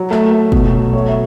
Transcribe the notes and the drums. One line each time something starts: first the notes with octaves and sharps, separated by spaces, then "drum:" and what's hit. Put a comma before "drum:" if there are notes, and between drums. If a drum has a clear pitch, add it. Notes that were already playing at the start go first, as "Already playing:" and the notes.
Already playing: F#3
A3 E5, drum: clap
A3
B2, drum: kick
F#3
A3 C#5
E5